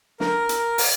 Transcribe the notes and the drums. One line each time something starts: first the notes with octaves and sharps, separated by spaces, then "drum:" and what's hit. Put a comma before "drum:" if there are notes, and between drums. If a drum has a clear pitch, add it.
A#4, drum: snare
drum: hi-hat
drum: open hi-hat